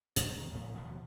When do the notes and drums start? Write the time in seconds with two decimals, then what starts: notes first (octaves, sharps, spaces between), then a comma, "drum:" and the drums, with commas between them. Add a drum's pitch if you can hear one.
0.16 G2 B2 F3 F#3, drum: hi-hat
0.35 E2 D#3
0.53 A1 A2 F3
0.77 D#1 B2 F3 B3